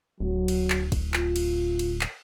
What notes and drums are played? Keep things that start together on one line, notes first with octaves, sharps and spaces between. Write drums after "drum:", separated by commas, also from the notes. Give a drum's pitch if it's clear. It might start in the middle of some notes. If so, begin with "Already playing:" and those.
D1 F#3
drum: cymbal
drum: clap
drum: kick, cymbal
F4, drum: clap
drum: cymbal
drum: cymbal
drum: clap